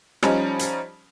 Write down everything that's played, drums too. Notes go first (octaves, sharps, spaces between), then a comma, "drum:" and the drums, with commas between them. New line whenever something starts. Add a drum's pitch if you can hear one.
F3 G3 C#4 D#4, drum: rim click
drum: hi-hat